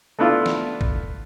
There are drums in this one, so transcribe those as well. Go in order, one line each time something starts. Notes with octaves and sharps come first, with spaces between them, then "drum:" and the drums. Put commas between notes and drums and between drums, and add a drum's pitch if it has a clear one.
A3 B3 D4 E4 F4
drum: snare
drum: kick